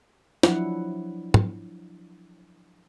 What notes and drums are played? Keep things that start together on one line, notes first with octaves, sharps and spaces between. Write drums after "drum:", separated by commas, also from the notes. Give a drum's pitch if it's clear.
F3 F#3 D4 E4 F#5, drum: snare
drum: tom